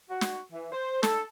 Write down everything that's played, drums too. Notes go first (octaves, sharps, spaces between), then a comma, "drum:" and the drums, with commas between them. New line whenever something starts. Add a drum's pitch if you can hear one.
F#4
drum: snare
E3
C5
A4, drum: snare